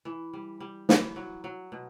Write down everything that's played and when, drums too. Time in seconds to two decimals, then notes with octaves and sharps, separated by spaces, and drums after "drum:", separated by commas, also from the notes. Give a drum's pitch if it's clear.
0.05 E3
0.33 G3
0.60 G3
0.89 E3, drum: snare
1.16 F#3
1.44 F#3
1.72 B2